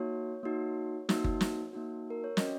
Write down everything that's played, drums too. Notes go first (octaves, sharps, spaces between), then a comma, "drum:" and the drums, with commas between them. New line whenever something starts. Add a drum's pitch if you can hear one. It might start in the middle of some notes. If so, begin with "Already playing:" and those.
Already playing: A#3 D#4 F#4 C#5
A#3 D#4 F#4
A#3 D#4 F#4, drum: snare
drum: kick G1
drum: snare
A#3 D#4 F#4
A#4
C#5
C#4 F#4 D#5, drum: snare